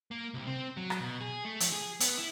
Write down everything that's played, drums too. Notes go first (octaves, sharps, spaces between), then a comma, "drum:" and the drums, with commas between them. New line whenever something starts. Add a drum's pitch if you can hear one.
A#3
C2
C4
F#3
drum: rim click
B2
G#4
A3
F3, drum: hi-hat
G#4
B3, drum: hi-hat
E4